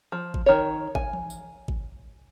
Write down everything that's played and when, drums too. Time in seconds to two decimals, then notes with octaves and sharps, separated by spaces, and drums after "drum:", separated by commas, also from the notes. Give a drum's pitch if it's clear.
0.12 F3
0.34 drum: kick G#1
0.46 D#3 C#5
0.95 G#5, drum: kick G#1
1.13 drum: tom E3
1.30 drum: tambourine
1.68 drum: kick G#1